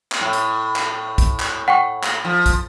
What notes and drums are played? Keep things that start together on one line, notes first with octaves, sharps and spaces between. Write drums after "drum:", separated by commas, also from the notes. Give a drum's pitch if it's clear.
drum: clap
A2
drum: hi-hat
drum: clap
drum: kick, hi-hat
drum: clap
F#5 G5 C#6
drum: clap
F3
drum: kick, hi-hat